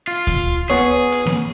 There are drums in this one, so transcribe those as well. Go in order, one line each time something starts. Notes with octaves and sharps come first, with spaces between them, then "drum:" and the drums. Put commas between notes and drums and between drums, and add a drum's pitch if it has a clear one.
F4
drum: kick D2, hi-hat
B3 G#4 C#5
drum: hi-hat
drum: snare A#3